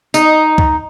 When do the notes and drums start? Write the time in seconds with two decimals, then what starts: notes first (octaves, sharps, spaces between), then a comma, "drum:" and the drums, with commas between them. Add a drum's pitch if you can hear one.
0.14 D#4, drum: tambourine
0.58 drum: kick